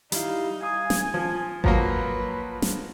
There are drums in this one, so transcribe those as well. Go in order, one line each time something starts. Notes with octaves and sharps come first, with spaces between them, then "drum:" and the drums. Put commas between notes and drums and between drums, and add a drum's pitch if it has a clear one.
G3 D#4 E4 F5, drum: hi-hat
F5 G#5 D#6
drum: snare
F3 F4
F3 F#3 A#3 B4, drum: kick G#1
drum: snare